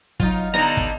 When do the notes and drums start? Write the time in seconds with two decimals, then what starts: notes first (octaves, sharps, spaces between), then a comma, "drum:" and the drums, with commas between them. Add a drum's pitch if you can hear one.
0.20 F#3 D#4 F4, drum: kick
0.54 D3 G3 B3 D#4 D5 A#5
0.77 drum: kick